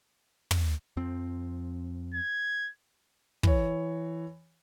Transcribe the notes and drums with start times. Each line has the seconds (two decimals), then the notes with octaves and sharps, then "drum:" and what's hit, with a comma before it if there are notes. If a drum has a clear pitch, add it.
0.51 drum: tom
0.97 F2 F3 C4
2.14 G#6
3.43 E3 C#5, drum: kick